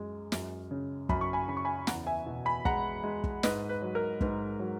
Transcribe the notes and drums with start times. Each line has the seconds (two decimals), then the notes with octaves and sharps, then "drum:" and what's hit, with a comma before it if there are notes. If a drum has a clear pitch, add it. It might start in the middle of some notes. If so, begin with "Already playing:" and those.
Already playing: F#2 G#3
0.32 F#2, drum: snare
0.71 C#3
1.09 F#2 B5, drum: kick
1.21 C#6
1.33 G#5 B5
1.48 C#3 B5
1.57 C#6
1.65 G#5 B5
1.87 E2 F#5 A#5, drum: snare
2.07 E5 G#5
2.26 B2
2.45 G#5 B5
2.65 G#3 F#5 A#5, drum: kick
3.04 G#3
3.24 drum: kick
3.43 G#2 B4 D#5, drum: snare
3.69 B4
3.82 F#3
3.95 A#4
4.21 G#2 B4, drum: kick
4.59 F#3